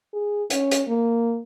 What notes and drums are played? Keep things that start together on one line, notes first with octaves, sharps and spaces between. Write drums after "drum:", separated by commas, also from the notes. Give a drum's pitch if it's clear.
G#4
C#4, drum: hi-hat
drum: hi-hat
A#3